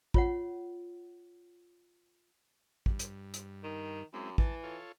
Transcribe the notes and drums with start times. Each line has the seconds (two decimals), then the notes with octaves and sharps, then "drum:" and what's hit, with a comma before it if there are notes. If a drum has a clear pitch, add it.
0.14 F4 C#5 F#5, drum: kick
2.86 G2, drum: kick
2.99 drum: hi-hat
3.34 drum: hi-hat
3.64 D#3
4.14 F#2 G#3 C4 E4
4.38 E3 A5, drum: kick
4.64 F4 A4 C#5